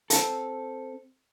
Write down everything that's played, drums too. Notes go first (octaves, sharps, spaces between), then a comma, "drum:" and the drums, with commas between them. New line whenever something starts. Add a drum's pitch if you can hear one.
C4 A4, drum: hi-hat